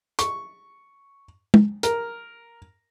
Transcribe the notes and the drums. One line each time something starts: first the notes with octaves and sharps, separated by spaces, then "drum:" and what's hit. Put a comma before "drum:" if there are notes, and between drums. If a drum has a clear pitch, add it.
C#6, drum: hi-hat
drum: tom
A#4, drum: hi-hat